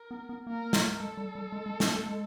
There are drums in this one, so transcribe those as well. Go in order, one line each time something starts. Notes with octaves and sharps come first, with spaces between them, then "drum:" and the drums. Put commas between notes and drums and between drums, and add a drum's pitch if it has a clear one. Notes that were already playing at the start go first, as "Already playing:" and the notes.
Already playing: A#4
B3
B3
A#3 A#4
drum: snare
G#3 A4
G3
G3
G#3
G#3
C#4, drum: snare
A3
G#3